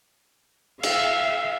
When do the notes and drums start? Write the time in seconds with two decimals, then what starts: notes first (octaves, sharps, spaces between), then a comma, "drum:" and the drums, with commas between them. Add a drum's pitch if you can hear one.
0.83 E5 F5, drum: cymbal